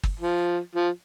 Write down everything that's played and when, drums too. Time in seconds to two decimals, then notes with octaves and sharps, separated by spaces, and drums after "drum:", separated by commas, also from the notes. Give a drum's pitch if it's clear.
0.03 drum: kick G1
0.20 F3
0.75 F3